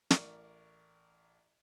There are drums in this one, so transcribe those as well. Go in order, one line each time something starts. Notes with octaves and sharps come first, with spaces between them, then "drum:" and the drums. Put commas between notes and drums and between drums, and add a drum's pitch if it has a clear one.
A1 A#4 D5 C#6, drum: snare